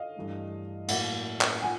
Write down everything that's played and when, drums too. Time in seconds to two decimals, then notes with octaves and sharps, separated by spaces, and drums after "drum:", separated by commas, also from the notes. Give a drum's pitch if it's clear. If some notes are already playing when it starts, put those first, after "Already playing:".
Already playing: D#5 F5
0.16 G2 E3 A3
0.88 A2 F#3 A#3 E5 F#5, drum: cymbal
1.41 drum: clap
1.62 F3 F#5 G#5